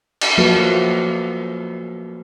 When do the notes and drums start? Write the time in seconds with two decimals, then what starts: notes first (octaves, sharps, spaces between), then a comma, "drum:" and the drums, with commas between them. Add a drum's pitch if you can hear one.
0.21 drum: cymbal
0.37 F3 F#3 A#3 F#4 A4 B4